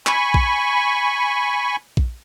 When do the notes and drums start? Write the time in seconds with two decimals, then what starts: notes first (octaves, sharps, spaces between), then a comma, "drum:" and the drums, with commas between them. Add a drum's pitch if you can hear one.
0.07 G#5 B5 C#6, drum: clap
0.34 drum: kick A#1
1.97 drum: kick A#1